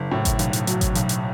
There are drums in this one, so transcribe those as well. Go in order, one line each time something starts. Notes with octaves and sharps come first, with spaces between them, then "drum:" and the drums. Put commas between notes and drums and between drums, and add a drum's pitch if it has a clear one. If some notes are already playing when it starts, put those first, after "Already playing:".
Already playing: F#1
A2
drum: kick G#1, hi-hat
B1, drum: hi-hat
drum: hi-hat
F#3, drum: hi-hat
drum: kick G#1, hi-hat
B1, drum: hi-hat
drum: hi-hat